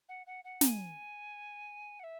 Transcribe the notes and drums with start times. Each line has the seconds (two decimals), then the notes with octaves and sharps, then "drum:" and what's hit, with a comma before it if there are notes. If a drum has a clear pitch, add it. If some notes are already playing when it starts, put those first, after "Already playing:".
0.08 F#5
0.26 F#5
0.44 F#5
0.61 A#5, drum: snare
0.66 G#5
1.99 F#5
2.03 E5